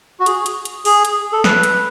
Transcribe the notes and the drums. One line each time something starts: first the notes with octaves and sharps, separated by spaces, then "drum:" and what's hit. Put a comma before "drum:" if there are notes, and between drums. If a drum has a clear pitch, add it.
F#4
G#4, drum: hi-hat
drum: hi-hat
drum: hi-hat
G#4, drum: open hi-hat
drum: hi-hat
A4
B4, drum: snare
drum: hi-hat